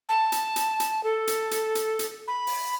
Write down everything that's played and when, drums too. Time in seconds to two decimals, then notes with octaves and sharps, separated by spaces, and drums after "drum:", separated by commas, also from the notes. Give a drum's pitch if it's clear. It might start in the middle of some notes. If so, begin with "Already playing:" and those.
0.09 A5
0.32 drum: hi-hat
0.56 drum: hi-hat
0.80 drum: hi-hat
1.04 A4
1.27 drum: hi-hat
1.51 drum: hi-hat
1.75 drum: hi-hat
1.99 drum: hi-hat
2.28 B5
2.47 drum: open hi-hat